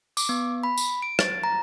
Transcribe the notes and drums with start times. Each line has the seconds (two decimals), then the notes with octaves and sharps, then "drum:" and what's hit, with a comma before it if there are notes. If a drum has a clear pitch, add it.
0.17 D6, drum: tambourine
0.29 B3
0.63 B5
0.78 drum: tambourine
1.02 D7
1.19 A6, drum: rim click
1.44 A#5